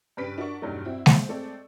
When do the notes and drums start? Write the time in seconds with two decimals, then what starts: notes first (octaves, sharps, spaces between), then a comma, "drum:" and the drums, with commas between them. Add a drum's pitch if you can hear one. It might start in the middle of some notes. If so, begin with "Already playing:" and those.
0.17 G2 C#3 G4 B4 B6 D7
0.38 D4 F#4 A#4 C#6
0.61 E2 G2 B2 F#3 A3 D#4
0.85 C4 E4 F#4
1.06 C5, drum: snare G#3
1.29 G#3 A3 C4 A4 D5